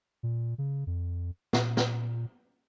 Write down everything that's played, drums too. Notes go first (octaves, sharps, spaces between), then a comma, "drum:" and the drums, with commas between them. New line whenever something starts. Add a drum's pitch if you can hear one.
A#2
C#3
F2
A#2, drum: snare
drum: snare